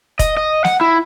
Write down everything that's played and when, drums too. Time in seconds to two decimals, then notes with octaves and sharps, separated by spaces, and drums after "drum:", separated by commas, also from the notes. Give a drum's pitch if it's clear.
0.19 D#5, drum: kick E1, hi-hat
0.37 D#5
0.65 F#5, drum: snare
0.81 E4